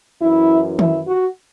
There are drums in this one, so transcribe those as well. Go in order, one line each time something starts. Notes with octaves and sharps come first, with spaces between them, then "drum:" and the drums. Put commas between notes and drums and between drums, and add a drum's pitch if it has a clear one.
F#2 E3 E4
E4, drum: tom D#3
F#4